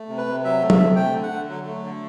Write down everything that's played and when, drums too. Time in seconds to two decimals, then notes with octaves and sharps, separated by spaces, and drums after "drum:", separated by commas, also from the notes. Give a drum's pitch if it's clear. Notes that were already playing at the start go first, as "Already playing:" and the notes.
Already playing: A3
0.09 C3
0.18 B4
0.26 C3
0.44 F#3 E5
0.62 A3
0.70 E5, drum: tom F#3
0.79 C3
0.96 A3 G5
1.14 D3
1.23 F#5
1.31 D3
1.49 F#3
1.66 A3
1.84 D3